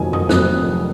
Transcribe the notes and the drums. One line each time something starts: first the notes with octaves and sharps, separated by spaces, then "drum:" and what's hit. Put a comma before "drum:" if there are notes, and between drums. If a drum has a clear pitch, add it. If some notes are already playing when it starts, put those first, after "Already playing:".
Already playing: F1 F2 D#3 F#3 A#3 G#5
D#6, drum: tom F2
F1 F2 D#3 F#3 A#3 F#6, drum: snare